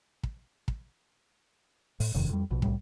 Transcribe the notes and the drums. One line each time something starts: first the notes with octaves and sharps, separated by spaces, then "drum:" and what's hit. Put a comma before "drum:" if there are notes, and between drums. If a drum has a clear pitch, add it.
drum: kick
drum: kick
A2, drum: open hi-hat
D#1 F2 C3 D#3
F2 G3
A#1 B2
C2 A2 G3, drum: kick